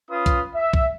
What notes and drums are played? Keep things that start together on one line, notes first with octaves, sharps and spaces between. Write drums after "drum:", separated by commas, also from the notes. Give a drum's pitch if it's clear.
C#4 F4 B4 D#6
drum: kick B1, hi-hat
E5
drum: kick B1